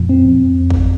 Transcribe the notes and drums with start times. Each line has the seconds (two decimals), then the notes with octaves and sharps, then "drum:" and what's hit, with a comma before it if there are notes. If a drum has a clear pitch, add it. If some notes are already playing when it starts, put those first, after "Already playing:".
Already playing: F2 A#2 F3
0.09 C4
0.25 F2
0.70 drum: kick